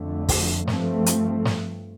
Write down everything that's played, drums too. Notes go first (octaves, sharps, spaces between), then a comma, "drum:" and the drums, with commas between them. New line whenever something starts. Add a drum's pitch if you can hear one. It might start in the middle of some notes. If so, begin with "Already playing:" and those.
Already playing: F2 D3 A3
drum: kick, open hi-hat
G2 F3 A3 C4, drum: snare
drum: hi-hat
drum: snare